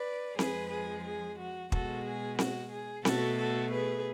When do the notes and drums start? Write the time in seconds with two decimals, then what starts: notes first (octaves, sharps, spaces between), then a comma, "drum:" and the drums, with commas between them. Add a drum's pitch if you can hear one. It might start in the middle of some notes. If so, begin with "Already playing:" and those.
Already playing: B4 D5
0.39 F2 F3 G#3 G#4 B4, drum: snare C4
0.72 G#4
1.05 G#4
1.39 F#4
1.72 B2 G#3 F#4 A4, drum: kick
2.06 G#4
2.39 F#4, drum: snare C4
2.72 G#4
3.05 B2 A3 F#4 A4, drum: snare C4
3.39 F#4 A4
3.72 G#4 B4